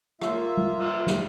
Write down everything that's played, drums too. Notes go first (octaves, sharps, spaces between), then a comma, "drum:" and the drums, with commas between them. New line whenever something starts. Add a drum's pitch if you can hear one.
A#3 F4 E5, drum: rim click
drum: tom G3
drum: cymbal
drum: snare